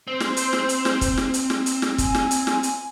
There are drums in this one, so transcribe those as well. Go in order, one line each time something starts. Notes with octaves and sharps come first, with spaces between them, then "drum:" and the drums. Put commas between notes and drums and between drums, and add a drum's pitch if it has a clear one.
C4 C5
drum: snare
drum: hi-hat
drum: snare
drum: hi-hat
drum: snare
drum: kick, hi-hat
drum: snare
drum: hi-hat
drum: snare
drum: hi-hat
drum: snare
G#5, drum: kick, hi-hat
drum: snare
drum: hi-hat
drum: snare
drum: hi-hat